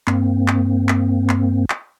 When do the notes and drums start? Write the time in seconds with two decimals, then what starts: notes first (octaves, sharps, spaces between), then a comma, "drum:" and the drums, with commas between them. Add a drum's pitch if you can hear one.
0.07 G2 A#3 C4, drum: clap
0.48 drum: clap
0.89 drum: clap
1.29 drum: clap
1.70 drum: clap